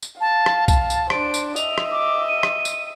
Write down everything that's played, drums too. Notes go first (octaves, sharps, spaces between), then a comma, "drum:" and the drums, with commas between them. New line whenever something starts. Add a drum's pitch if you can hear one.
drum: tambourine
F5 A5
drum: rim click
A5, drum: kick B1, tambourine
drum: tambourine
D4 C5 D7, drum: rim click
drum: tambourine
D#5 E5 F7, drum: tambourine
drum: rim click
D6
D#7
drum: rim click
drum: tambourine